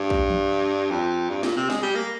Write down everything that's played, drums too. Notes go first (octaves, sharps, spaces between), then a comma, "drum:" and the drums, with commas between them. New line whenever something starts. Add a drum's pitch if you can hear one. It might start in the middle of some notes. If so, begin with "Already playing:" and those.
Already playing: G2
drum: kick
drum: tom E3
F2
G2
A#2, drum: snare
C3
G#3, drum: snare
G3
A#3